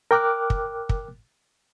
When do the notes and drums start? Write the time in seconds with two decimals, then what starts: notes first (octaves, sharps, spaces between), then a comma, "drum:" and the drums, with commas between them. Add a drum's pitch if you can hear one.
0.11 A#4 G5 D6 F6 F#6
0.50 drum: kick
0.89 drum: kick